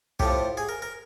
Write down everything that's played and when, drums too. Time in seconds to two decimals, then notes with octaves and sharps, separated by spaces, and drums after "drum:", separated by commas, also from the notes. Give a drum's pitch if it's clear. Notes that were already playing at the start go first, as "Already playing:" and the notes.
0.20 A2 F3 G4, drum: kick
0.57 G#4
0.69 A#4
0.82 A#4